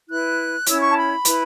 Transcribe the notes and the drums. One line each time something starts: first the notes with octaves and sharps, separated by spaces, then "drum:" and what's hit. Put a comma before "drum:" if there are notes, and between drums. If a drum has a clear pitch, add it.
E4 B4 F#6
C#4 E4 C#5 E6, drum: hi-hat
C#6
A5
B5
E4 B4, drum: hi-hat